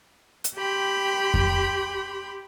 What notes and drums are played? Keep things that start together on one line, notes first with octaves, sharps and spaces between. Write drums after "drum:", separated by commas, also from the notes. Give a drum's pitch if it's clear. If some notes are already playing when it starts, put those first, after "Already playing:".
drum: hi-hat
G4 G5 B5 C6
drum: kick F2